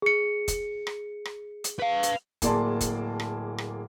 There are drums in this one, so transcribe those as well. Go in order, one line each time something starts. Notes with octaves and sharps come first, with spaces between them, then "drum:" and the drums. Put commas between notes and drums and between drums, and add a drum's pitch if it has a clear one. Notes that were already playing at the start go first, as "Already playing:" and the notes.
G#4 C#7
drum: kick, hi-hat
drum: rim click
drum: rim click
drum: hi-hat
B4 F5
drum: hi-hat
D1 A#3 G#4 D5 A5 C6, drum: kick, hi-hat
drum: kick, hi-hat
drum: rim click
drum: rim click